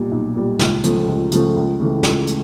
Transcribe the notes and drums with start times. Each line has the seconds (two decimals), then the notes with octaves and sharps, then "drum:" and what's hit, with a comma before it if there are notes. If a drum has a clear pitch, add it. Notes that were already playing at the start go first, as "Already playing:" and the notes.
Already playing: B1 A#2 G3
0.11 B1
0.36 A#2 G3
0.59 C#2, drum: snare
0.84 C#3 F3 A3, drum: hi-hat
1.07 C#2
1.32 C#3 F3 A3, drum: hi-hat
1.56 C#2
1.80 C#3 E3 A3
2.03 C#2, drum: snare
2.27 A3, drum: hi-hat